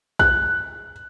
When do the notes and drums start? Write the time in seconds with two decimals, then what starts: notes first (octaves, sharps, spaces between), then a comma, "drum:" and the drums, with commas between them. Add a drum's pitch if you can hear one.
0.19 F#6, drum: kick